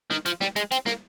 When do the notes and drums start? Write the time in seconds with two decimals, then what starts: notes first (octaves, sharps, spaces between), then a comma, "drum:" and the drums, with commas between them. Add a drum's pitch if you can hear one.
0.10 D#3, drum: snare
0.26 F3, drum: hi-hat
0.41 G3, drum: snare
0.56 G#3, drum: hi-hat
0.72 C4, drum: hi-hat
0.86 A#3, drum: snare